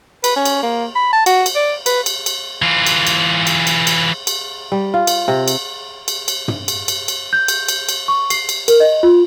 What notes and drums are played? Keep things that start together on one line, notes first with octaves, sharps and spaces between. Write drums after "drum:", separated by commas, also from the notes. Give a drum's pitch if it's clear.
B4, drum: cymbal
C#4
drum: cymbal
A#3
B5
A5
F#4, drum: cymbal
drum: cymbal
D5
B4, drum: cymbal
drum: cymbal
drum: cymbal
E3 F4
drum: cymbal
drum: cymbal
drum: cymbal
drum: cymbal
drum: cymbal
drum: cymbal
G3
F4
drum: cymbal
C3
drum: cymbal
drum: cymbal
drum: cymbal
drum: tom
drum: cymbal
drum: cymbal
drum: cymbal
G6
drum: cymbal
drum: cymbal
drum: cymbal
C#6
C7, drum: cymbal
drum: cymbal
A#4, drum: cymbal
D#5
F4